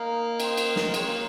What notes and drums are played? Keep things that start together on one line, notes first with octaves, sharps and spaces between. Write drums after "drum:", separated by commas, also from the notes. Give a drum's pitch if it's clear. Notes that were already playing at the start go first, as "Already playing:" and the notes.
Already playing: A#3 D#4 A#4 F5
F4 C5 D#5 G5, drum: cymbal
drum: cymbal
drum: snare
A#3
G#3 F4 A#4 C#5, drum: cymbal
A#3